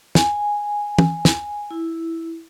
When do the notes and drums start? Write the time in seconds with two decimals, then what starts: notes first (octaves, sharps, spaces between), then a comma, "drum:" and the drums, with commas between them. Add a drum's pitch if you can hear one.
0.15 G#5, drum: snare
0.99 drum: tom
1.25 drum: snare
1.71 E4